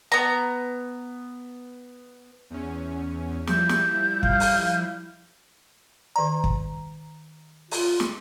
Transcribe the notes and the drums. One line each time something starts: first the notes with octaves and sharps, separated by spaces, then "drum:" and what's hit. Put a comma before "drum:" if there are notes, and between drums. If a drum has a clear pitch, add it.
B3 A#5
E2 C#4
F3 G3 E4 G6, drum: snare
drum: snare
F5, drum: kick
drum: open hi-hat
D#3 D5 A#5
drum: kick
F4, drum: open hi-hat
drum: snare